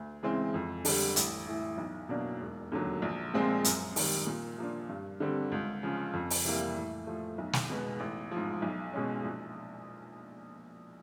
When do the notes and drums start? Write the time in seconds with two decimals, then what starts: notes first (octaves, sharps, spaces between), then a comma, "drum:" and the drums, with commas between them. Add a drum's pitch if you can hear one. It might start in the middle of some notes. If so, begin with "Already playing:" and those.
Already playing: D2
0.23 C#3 E3 G#3 C4
0.54 F2
0.85 D3 G3, drum: open hi-hat
1.16 A1, drum: hi-hat
1.47 A2 E3
1.78 B1
2.09 B2 F#3 A#3 D4
2.40 E1
2.72 D#2 D3 F#3
3.02 A#1
3.34 A#2 F3 G#3 C4
3.64 F#2, drum: hi-hat
3.96 D#3 G3, drum: open hi-hat
4.27 A#2
4.58 F3 A#3 D4
4.89 G2
5.20 D3 G3 C4
5.52 C#2
5.83 C#3 F3
6.13 F2
6.30 drum: open hi-hat
6.44 C3 E3 G3 A#3
6.76 A2
7.07 F3 A3
7.38 B1
7.53 drum: snare
7.70 B2 G#3 B3
8.00 A1
8.31 G#2 F3
8.62 B1
8.94 B2 G#3 C#4
9.25 A#1